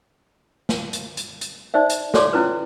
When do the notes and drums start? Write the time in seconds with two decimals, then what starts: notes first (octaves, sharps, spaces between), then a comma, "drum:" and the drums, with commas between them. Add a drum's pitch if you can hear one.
0.69 drum: snare
0.93 drum: hi-hat
1.17 drum: hi-hat
1.41 drum: hi-hat
1.74 D#4 C5 D5 E5
1.90 drum: hi-hat
2.14 F#4 A4 C#5 D5 C6 D6, drum: snare
2.33 C#4 E4 F4 B4